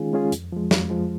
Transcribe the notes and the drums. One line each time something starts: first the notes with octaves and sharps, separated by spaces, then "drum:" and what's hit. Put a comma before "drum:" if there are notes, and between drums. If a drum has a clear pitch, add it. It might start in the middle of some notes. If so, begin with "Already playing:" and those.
Already playing: D#3 G#3 C#4 F4 G#4
G#3 C#4 F4 G#4
F2, drum: hi-hat
F3 G#3
F2, drum: snare
F3 G#3